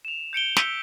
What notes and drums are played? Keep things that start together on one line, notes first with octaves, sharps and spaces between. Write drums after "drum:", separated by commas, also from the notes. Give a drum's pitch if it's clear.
E7 F7
G6 C#7 D7 G7
E6 G6 B6 C#7, drum: snare